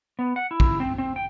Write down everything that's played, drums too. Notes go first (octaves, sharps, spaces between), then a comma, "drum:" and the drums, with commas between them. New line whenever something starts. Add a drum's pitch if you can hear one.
B3
F#5
E4
drum: kick
C4
C4
G5